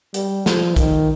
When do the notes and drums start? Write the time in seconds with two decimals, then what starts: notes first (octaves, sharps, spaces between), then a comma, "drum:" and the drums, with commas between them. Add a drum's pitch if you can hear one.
0.14 G3, drum: hi-hat
0.46 F3, drum: snare
0.76 D#3, drum: kick, hi-hat